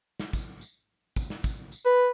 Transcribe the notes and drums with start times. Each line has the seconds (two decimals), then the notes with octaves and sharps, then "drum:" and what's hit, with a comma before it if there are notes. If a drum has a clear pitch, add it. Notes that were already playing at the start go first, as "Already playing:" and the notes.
0.20 drum: snare
0.33 drum: kick, tambourine
0.61 drum: tambourine
1.16 drum: kick, tambourine
1.30 drum: snare
1.44 drum: kick, tambourine
1.72 drum: tambourine
1.86 B4